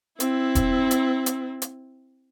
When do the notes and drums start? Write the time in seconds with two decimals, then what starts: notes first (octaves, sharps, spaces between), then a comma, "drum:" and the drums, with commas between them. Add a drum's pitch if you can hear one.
0.20 C4 E4, drum: hi-hat
0.55 drum: kick E1, hi-hat
0.91 drum: hi-hat
1.26 drum: hi-hat
1.62 drum: hi-hat